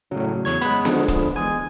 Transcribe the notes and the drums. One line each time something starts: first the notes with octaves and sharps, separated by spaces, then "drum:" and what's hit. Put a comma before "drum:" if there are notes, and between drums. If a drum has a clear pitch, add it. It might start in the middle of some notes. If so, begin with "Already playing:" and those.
A2 C#3 F#3
E2 C#5 G#6
G#3 B3 B5, drum: hi-hat
D3 F3, drum: snare B3
drum: kick, hi-hat
E2 G#3 G#5